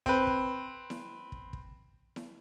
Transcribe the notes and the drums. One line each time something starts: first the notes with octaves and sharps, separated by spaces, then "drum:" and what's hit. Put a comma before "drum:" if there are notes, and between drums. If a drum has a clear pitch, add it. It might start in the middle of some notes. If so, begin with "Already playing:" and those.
C4 B4, drum: kick
drum: kick
drum: snare E4
drum: kick
drum: kick
drum: snare E4